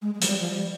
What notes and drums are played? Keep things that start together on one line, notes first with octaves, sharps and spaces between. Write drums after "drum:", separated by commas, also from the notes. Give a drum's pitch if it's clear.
G#3
G#3
F3, drum: hi-hat
G3
F3
G3